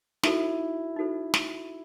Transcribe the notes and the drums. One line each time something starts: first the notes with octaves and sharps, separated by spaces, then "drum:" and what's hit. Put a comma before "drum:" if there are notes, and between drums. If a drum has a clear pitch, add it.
D#4 E4 F#4 A4 C5, drum: snare
D#4 F#4 A4 C5
drum: snare